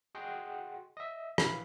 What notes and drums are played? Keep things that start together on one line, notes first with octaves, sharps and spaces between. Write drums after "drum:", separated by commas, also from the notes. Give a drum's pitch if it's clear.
F#4 G#4 D#5 F#5 G5 C6
D#5 E5
A#1 E3 F5 B5, drum: rim click